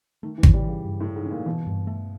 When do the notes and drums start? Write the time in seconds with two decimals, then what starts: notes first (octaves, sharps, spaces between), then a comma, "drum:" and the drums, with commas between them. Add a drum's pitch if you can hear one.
0.23 D#3 A3
0.38 E3
0.43 C#4, drum: kick G#1
0.54 G3
0.64 C#3 E3
0.85 G2
1.00 A2
1.05 A3
1.16 G#2
1.25 C#4
1.31 A#2
1.46 B2 E3
1.66 G2
1.87 A3